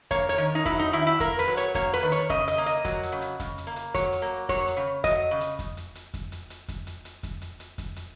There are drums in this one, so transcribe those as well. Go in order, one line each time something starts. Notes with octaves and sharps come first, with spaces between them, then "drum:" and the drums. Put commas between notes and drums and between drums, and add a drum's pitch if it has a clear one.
A#3 C#5, drum: kick F2, hi-hat
C#5, drum: hi-hat
D#3
D#4
F#3 E4, drum: kick F2, hi-hat
D#4
D#3 E4
E4
A#3 A#4, drum: kick F2, hi-hat
B4, drum: hi-hat
F#3
C#5, drum: hi-hat
A#3 C#5, drum: kick F2, hi-hat
B4, drum: hi-hat
D#3
C#5, drum: hi-hat
C#3 D#5, drum: kick F2
D#5, drum: hi-hat
A#3
D#5, drum: hi-hat
F#3, drum: kick F2, hi-hat
drum: hi-hat
C#3
drum: hi-hat
C#3, drum: kick F2, hi-hat
drum: hi-hat
A#3
drum: hi-hat
F#3 C#5, drum: kick F2, hi-hat
drum: hi-hat
A#3
F#3 C#5, drum: kick F2, hi-hat
drum: hi-hat
C#3
F#3 D#5, drum: kick F2, hi-hat
C#3
drum: hi-hat
drum: kick F2, hi-hat
drum: hi-hat
drum: hi-hat
drum: kick F2, hi-hat
drum: hi-hat
drum: hi-hat
drum: kick F2, hi-hat
drum: hi-hat
drum: hi-hat
drum: kick F2, hi-hat
drum: hi-hat
drum: hi-hat
drum: kick F2, hi-hat
drum: hi-hat